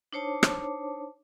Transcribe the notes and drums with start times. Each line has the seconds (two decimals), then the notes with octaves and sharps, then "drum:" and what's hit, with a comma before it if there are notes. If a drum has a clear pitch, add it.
0.13 D4 D#4 C5 C#5 A5 D6
0.43 drum: rim click